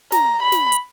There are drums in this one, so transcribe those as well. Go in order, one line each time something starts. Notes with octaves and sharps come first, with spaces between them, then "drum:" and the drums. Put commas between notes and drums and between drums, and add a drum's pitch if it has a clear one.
A#5, drum: snare
B5
drum: snare
drum: hi-hat